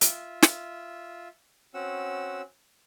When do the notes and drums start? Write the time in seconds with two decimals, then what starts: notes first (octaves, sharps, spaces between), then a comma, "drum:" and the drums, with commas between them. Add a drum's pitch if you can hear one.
0.01 F4 E5, drum: hi-hat
0.42 drum: snare
1.74 C4 C#4 F#4 F#5 E6